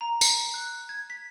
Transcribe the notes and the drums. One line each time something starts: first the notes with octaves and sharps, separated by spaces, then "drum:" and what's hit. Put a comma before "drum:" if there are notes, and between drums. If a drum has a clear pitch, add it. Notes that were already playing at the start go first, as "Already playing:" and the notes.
A#5
drum: tambourine
F#6
G#6
B6